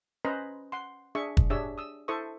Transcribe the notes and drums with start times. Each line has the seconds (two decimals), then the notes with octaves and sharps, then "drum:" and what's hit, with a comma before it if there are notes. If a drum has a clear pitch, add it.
0.25 C#4 B4 C5 D#5 A#5
0.72 F#5 C6
1.15 D4 G#4 E5 C#6
1.37 drum: kick
1.50 D4 G4 G#4 C#5 E5 E6
1.78 D#6 E6
2.08 E4 A4 C5 E5 C#6 D#6